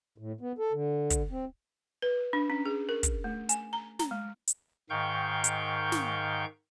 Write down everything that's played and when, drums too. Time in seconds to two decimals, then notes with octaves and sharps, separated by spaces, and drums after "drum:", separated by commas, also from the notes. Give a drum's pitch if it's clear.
0.18 A2
0.41 B3
0.58 A4
0.72 D3
1.10 drum: kick, hi-hat
1.31 C4
2.02 B4
2.33 D4
2.50 C#4
2.66 G#4
2.89 A#4
3.03 drum: kick, hi-hat
3.24 A3
3.49 G#5, drum: hi-hat
3.73 A#5
3.99 A#5, drum: snare
4.11 G#3
4.48 drum: hi-hat
4.90 G#2 D#3 F5 G5 C#6 G6
5.44 drum: hi-hat
5.92 drum: snare